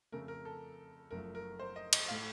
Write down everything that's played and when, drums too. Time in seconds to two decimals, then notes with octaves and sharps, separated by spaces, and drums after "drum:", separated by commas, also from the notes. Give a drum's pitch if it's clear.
0.12 F2 C#3 A3 A#4
0.28 A#4
0.45 A4
1.11 F#1 F#2 F3 A3 A#4
1.35 A#4
1.59 C5
1.76 D#5
1.93 D#5, drum: cymbal
2.08 A2 A3 F5